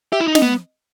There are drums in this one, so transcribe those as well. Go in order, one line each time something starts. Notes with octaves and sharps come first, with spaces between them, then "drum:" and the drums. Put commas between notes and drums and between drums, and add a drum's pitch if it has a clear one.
G4 E5
E4
D#4
D#5, drum: snare
B3